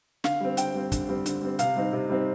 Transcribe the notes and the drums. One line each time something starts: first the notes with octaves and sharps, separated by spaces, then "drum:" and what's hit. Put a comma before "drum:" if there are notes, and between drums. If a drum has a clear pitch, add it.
D3 F5, drum: snare
G3 C4
D3 G5, drum: hi-hat
G3 C4
D3, drum: kick, hi-hat
G3 C4
D3, drum: hi-hat
G3 C4
C3 F5, drum: hi-hat
G3 C4 D#4
C3
G3 C4 D#4